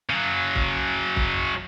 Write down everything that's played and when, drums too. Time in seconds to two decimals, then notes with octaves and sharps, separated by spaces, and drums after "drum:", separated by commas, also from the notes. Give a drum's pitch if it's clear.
0.10 C#3 F#3
0.55 drum: kick
1.16 drum: kick